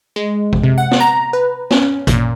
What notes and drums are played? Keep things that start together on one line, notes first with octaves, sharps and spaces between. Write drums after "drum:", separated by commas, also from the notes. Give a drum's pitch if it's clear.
G#3
drum: kick
C3
F#5
drum: snare
A#5
B4
C#4, drum: snare
A#2, drum: kick, hi-hat